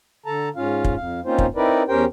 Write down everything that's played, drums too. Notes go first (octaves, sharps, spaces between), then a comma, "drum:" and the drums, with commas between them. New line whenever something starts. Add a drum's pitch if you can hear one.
D3 A4 A5 A#5
G#2 C#4 F4 F5
drum: kick
F2 F5
A#3 C4 C#4 D#4 F4 C5
drum: kick
C4 D#4 E4 A#4 B4 D5
E2 C#4 G4 A#4 C5 G5